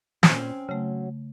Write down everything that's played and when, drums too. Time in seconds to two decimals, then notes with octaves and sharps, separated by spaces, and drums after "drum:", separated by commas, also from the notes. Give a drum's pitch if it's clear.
0.23 A#2 C4 C#4, drum: snare
0.69 C#3 F#3 A3